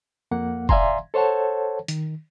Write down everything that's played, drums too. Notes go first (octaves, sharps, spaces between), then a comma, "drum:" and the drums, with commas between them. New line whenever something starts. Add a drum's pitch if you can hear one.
F2 A#3 F#5
D5 E5 F5 G#5 A#5 C6, drum: kick F1
A4 C5 C#5 F#5 A5
D#3, drum: hi-hat